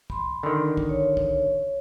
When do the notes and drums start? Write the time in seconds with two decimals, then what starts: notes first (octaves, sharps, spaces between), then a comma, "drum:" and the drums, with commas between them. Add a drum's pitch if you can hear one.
0.10 B5 C6, drum: kick
0.43 D3 D#3
0.77 drum: kick
0.89 C#5
1.17 drum: kick